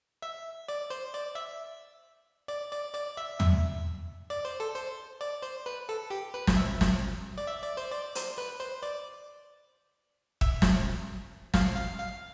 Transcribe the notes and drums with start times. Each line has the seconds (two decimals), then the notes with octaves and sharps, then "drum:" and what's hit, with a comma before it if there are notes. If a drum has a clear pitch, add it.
0.22 E5
0.68 D5
0.90 C5
1.14 D5
1.35 E5
2.48 D5
2.72 D5
2.94 D5
3.17 E5
3.40 E5, drum: tom
4.30 D5
4.45 C5
4.60 A4
4.75 C5
5.21 D5
5.43 C5
5.66 B4
5.89 A4
6.10 G4
6.34 B4
6.47 drum: snare
6.56 E5
6.81 drum: snare
7.38 D5
7.47 E5
7.62 D5
7.77 C5
7.91 D5
8.15 C5, drum: hi-hat
8.38 B4
8.60 C5
8.83 D5
10.41 E5, drum: kick
10.62 drum: snare
11.54 F5, drum: snare
11.76 F5
11.99 F5